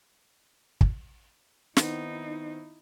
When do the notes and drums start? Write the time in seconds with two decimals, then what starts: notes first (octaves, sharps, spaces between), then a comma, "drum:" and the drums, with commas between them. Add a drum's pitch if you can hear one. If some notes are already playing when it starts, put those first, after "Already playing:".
0.81 drum: kick
1.77 D#3 B3 C4 D#4 E4, drum: snare